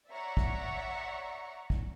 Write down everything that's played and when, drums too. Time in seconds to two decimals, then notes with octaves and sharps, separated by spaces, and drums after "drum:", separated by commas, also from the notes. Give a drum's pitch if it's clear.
0.10 C#5 D5 E5 F#5 A#5 C#6
0.37 drum: kick
1.70 drum: kick